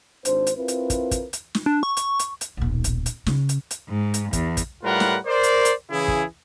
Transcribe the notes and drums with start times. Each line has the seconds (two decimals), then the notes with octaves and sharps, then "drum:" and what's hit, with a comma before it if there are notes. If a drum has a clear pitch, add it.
0.25 G#1 D4 C5, drum: hi-hat
0.47 drum: hi-hat
0.57 C4 E4 F4 A#4 B4
0.68 drum: hi-hat
0.90 drum: kick, hi-hat
1.11 drum: kick, hi-hat
1.33 drum: hi-hat
1.55 drum: snare
1.66 D4
1.83 C#6
1.97 C#6, drum: hi-hat
2.19 drum: hi-hat
2.41 drum: hi-hat
2.57 D#1 B1
2.84 drum: kick, hi-hat
3.06 drum: hi-hat
3.26 C#3, drum: snare
3.49 drum: hi-hat
3.71 drum: hi-hat
3.89 G#2
4.14 drum: hi-hat
4.33 E2, drum: kick, hi-hat
4.57 drum: kick, hi-hat
4.83 A2 G3 F4 A#4 B4 F#5
5.00 drum: snare
5.26 A#4 C5 D5
5.43 drum: hi-hat
5.65 drum: hi-hat
5.90 C#3 E3 E4 G#4
6.08 drum: kick